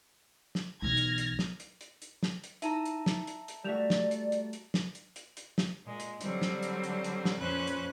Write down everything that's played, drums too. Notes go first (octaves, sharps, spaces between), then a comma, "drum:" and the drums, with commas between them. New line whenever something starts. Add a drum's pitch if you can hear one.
drum: snare
B1 E3 F6 G#6 A#6
drum: hi-hat
drum: hi-hat
drum: snare
drum: hi-hat
drum: hi-hat
drum: hi-hat
drum: snare
drum: hi-hat
D#4 E4 E5 A5 A#5 D#7, drum: hi-hat
drum: hi-hat
drum: snare
drum: hi-hat
drum: hi-hat
G3 A3 F#4 D5 E7 F7
drum: snare
drum: hi-hat
drum: hi-hat
drum: hi-hat
drum: snare
drum: hi-hat
drum: hi-hat
drum: hi-hat
drum: snare
A#2 G#3
drum: hi-hat
D3 F#3 G3 C4, drum: hi-hat
drum: snare
drum: hi-hat
drum: hi-hat
drum: hi-hat
drum: snare
F2 A#2 C#4 B4 C5 F#6
drum: hi-hat